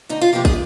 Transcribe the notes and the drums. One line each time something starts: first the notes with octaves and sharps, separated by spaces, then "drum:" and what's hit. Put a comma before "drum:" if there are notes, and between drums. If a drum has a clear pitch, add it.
D2 D#4
F4
C3 F3 A#3 G4
G#4, drum: kick